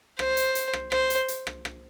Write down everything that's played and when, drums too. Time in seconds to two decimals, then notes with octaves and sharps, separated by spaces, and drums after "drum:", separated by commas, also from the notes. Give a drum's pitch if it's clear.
0.19 C5, drum: rim click
0.37 drum: hi-hat
0.55 drum: hi-hat
0.73 drum: rim click
0.92 C5, drum: rim click
1.10 drum: hi-hat
1.28 drum: hi-hat
1.47 drum: rim click
1.65 drum: rim click